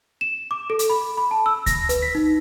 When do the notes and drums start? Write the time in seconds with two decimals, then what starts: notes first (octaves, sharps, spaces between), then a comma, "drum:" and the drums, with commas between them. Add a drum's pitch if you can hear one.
0.21 E7
0.51 D6
0.70 A4
0.79 drum: hi-hat
0.89 B5
1.17 B5
1.31 A5
1.46 E6
1.66 A#6, drum: kick D2, hi-hat
1.89 B4, drum: hi-hat
2.02 B6
2.15 D#4